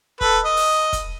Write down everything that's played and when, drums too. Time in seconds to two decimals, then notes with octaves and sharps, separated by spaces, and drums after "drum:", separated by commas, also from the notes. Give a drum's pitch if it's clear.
0.21 A4 B4, drum: kick
0.45 D#5
0.57 drum: open hi-hat
0.93 drum: kick, hi-hat